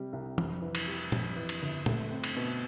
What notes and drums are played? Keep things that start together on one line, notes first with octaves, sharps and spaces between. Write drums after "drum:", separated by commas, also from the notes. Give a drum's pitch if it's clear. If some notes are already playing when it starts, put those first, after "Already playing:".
Already playing: C3 G3
C2
F2, drum: tom E3
E3
drum: cymbal
G3
F2, drum: tom A#2
E3
drum: cymbal
G1
A3, drum: tom A#2
C4
drum: cymbal
B2